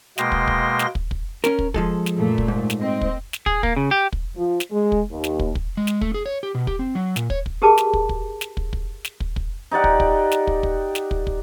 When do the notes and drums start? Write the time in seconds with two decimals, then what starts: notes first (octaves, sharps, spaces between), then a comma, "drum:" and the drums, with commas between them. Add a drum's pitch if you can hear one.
0.18 B2 G#3 A#3 G5 C6 A#6, drum: snare
0.32 drum: kick
0.47 drum: kick
0.79 drum: snare
0.95 drum: kick
1.11 drum: kick
1.44 C#4 A#4, drum: snare
1.59 drum: kick
1.74 F3 G#3 A4, drum: kick
2.06 drum: snare
2.15 F#2 A#2 A3
2.38 drum: kick
2.48 G#2
2.70 drum: snare
2.79 C4 D#5
3.01 drum: kick
3.33 drum: snare
3.46 G#4, drum: kick
3.63 A#3, drum: kick
3.76 C#3
3.91 G4
4.13 drum: kick
4.37 F3
4.60 drum: snare
4.71 G#3
4.92 drum: kick
5.11 D#2
5.24 drum: snare
5.39 drum: kick
5.55 drum: kick
5.77 G#3
5.87 drum: snare
6.01 A3, drum: kick
6.14 G#4
6.26 C#5
6.43 G4
6.55 B2
6.67 G4, drum: kick
6.79 C4
6.95 F#3
7.16 A#2, drum: snare
7.30 C#5, drum: kick
7.46 drum: kick
7.62 G4 G#4 A#4 B4 A5 D6
7.78 drum: snare
7.93 drum: kick
8.09 drum: kick
8.41 drum: snare
8.57 drum: kick
8.73 drum: kick
9.05 drum: snare
9.20 drum: kick
9.36 drum: kick
9.71 D#4 G4 D5 F#5
9.84 drum: kick
10.00 drum: kick
10.31 drum: snare
10.47 drum: kick
10.63 drum: kick
10.95 drum: snare
11.11 drum: kick
11.27 drum: kick